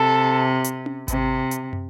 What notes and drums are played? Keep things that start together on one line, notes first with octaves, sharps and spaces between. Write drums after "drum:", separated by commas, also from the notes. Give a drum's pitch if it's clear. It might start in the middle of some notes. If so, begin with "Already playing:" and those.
Already playing: C3 A4
drum: hi-hat
drum: tom C#4
C3, drum: kick G#1, hi-hat
drum: hi-hat
drum: tom